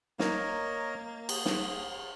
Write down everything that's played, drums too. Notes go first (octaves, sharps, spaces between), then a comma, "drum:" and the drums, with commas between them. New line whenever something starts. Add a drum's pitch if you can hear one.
A#3 A#4 C#5 D#5, drum: snare
G#4, drum: cymbal
drum: snare